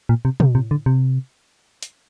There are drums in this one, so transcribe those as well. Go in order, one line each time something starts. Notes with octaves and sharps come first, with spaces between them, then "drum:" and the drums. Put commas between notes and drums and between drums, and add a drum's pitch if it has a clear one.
A#2
C3
C3, drum: tom
C3
D3
C3
drum: hi-hat